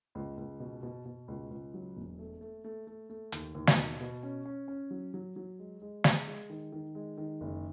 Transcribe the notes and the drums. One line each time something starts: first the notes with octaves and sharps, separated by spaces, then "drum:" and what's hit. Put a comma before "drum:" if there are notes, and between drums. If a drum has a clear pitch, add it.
C#2
C#2
B2
B2
B2
C#2
C#2
F#3
E1
A3
A3
A3
A3
A3
D#2, drum: hi-hat
D#2
drum: snare
B2
B2
C#4
C#4
C#4
F#3
F#3
F#3
G#3
G#3
G#3, drum: snare
G#3
D#3
D#3
G#3
D#3
F#1